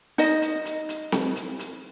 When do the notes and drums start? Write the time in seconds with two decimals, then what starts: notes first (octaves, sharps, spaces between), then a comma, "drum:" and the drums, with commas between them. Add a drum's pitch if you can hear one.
0.18 D#4 D#5, drum: open hi-hat
0.42 drum: hi-hat
0.65 drum: hi-hat
0.89 drum: hi-hat
1.12 drum: snare
1.36 drum: hi-hat
1.59 drum: hi-hat